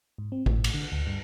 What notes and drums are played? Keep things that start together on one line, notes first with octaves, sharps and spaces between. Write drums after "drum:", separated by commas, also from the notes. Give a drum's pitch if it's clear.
G#2
C4
A2, drum: kick G#1
drum: cymbal
D3
D2
G2